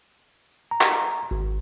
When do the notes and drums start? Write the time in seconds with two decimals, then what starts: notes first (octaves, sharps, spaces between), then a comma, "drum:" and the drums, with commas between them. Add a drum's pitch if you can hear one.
0.71 A#5
0.81 drum: clap
1.31 G#1